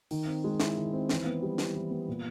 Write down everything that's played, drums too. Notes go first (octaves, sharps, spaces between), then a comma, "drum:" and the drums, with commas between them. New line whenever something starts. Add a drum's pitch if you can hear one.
D#3, drum: open hi-hat
C4
G#3
E4, drum: snare
D#3
C4
E3, drum: snare
B3
G3
E3, drum: snare
E3
B3
A#2